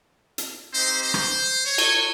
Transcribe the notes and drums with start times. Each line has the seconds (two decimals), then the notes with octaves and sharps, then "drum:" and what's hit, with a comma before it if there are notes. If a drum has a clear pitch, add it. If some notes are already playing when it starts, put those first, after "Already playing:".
0.38 drum: hi-hat
0.73 C4 D#4 G4 C5
1.03 C5
1.14 drum: rim click
1.66 C#5
1.78 drum: cymbal